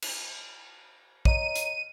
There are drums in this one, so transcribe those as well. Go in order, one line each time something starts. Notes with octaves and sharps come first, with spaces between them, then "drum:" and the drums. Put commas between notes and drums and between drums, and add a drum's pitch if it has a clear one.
drum: cymbal
C#5 D#5 A#5 D#7, drum: kick
drum: hi-hat